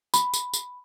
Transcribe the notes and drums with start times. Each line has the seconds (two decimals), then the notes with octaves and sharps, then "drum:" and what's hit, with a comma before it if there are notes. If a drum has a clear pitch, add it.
0.14 B5, drum: tambourine
0.34 drum: tambourine
0.54 drum: tambourine